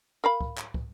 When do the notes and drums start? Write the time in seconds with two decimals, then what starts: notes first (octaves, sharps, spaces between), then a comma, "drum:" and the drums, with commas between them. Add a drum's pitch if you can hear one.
0.24 A#4 F5 B5
0.41 drum: kick
0.57 drum: clap
0.74 drum: kick